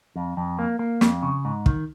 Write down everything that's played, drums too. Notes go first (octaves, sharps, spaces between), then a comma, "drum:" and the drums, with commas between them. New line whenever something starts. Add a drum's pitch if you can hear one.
F2
F2
A#3
A#3
F2, drum: snare
C#3
G#2
D#3, drum: kick